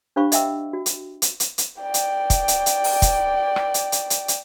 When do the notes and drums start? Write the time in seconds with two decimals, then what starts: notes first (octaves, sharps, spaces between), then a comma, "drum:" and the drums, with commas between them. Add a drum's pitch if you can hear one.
0.16 D4 G4 C5 F5 B5 C#6
0.32 D#5 E5 F#5 G5 E6, drum: hi-hat
0.73 F#4
0.86 drum: hi-hat
1.22 drum: hi-hat
1.40 drum: hi-hat
1.58 drum: hi-hat
1.82 D5 G5
1.94 drum: hi-hat
2.30 drum: kick, hi-hat
2.48 drum: hi-hat
2.66 drum: hi-hat
2.84 drum: open hi-hat
3.02 drum: kick, hi-hat
3.56 drum: rim click
3.74 drum: hi-hat
3.92 drum: hi-hat
4.10 drum: hi-hat
4.28 drum: hi-hat